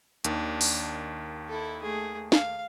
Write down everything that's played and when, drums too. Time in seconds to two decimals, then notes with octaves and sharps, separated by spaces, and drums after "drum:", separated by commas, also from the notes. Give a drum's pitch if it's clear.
0.24 D#2 D#3 D4, drum: hi-hat
0.61 drum: open hi-hat
1.48 E4 A4
1.82 A3 G#4
2.32 F5, drum: snare